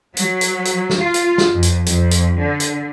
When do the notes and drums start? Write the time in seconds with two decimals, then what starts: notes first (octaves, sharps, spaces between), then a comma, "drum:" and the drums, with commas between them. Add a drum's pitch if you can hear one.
0.17 F#3, drum: hi-hat
0.41 drum: hi-hat
0.65 drum: hi-hat
0.90 drum: snare
0.99 F4
1.14 drum: hi-hat
1.38 drum: snare
1.53 F2
1.63 drum: hi-hat
1.86 F2, drum: hi-hat
2.11 drum: hi-hat
2.39 D3
2.60 drum: hi-hat